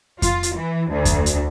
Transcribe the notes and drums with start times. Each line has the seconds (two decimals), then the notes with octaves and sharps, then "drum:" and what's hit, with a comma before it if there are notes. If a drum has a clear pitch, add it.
0.22 F4, drum: kick F2, hi-hat
0.43 drum: hi-hat
0.56 E3
0.91 D2
1.05 drum: kick F2, hi-hat
1.26 drum: hi-hat